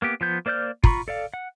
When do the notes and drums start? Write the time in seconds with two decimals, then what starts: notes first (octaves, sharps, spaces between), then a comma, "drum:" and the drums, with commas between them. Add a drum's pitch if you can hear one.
0.02 A#3 B3 G4
0.21 F3 B3 G6
0.46 A#3 C5 D5 F6 G6
0.84 F4 A#5 B5 C#6, drum: kick
1.08 A4 D5 F5
1.34 F#5